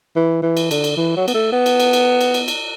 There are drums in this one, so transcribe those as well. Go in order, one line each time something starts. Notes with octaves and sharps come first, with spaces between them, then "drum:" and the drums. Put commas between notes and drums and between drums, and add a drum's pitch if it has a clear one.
E3
E3
drum: cymbal
D3, drum: cymbal
drum: cymbal
E3
F#3
B3, drum: cymbal
A3
B3
drum: cymbal
drum: cymbal
drum: cymbal
drum: cymbal
drum: cymbal
drum: cymbal